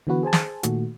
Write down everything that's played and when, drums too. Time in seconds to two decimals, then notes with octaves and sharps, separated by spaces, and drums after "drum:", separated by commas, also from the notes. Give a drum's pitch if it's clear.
0.07 D3 E3 B3 F#4 B4
0.23 G#4 C5 G#5 A5
0.33 drum: snare
0.63 A#2 D#3 A3 F#4, drum: hi-hat